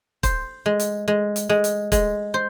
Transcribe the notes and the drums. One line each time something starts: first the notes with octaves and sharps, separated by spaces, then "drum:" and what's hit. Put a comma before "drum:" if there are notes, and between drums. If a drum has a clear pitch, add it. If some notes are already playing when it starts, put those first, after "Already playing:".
C5, drum: kick, hi-hat
G#3
drum: hi-hat
G#3
drum: hi-hat
G#3
drum: hi-hat
G#3, drum: kick, hi-hat
C5